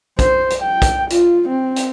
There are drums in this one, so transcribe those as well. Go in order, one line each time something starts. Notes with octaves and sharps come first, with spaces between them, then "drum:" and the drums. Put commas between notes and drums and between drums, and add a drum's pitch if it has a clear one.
C5, drum: kick, hi-hat
drum: hi-hat
G5
drum: kick, hi-hat
F4, drum: hi-hat
C4
drum: hi-hat